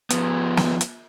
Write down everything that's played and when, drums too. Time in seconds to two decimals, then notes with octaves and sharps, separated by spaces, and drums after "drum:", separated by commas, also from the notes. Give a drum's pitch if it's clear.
0.10 F3 B3, drum: hi-hat
0.57 drum: snare
0.81 drum: hi-hat